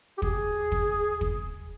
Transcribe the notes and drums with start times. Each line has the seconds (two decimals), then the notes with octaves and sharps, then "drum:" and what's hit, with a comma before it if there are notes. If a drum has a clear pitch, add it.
0.18 G4
0.22 G#4, drum: kick
0.72 drum: kick
1.21 drum: kick